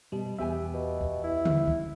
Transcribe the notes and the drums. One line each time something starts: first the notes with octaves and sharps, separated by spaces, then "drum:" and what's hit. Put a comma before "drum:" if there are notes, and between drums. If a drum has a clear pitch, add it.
B2 G3
E2 B3 G4 E5 G#5
B2
drum: kick D2
E4
drum: tom D3
drum: kick D2